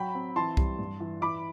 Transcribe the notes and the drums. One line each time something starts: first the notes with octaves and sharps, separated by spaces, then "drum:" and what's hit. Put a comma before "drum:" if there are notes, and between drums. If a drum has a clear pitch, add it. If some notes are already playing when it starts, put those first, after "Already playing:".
Already playing: F#3 G5 B5
C4
E3 A5 C6
G3, drum: kick C2
G2
E3
E3 B5 D6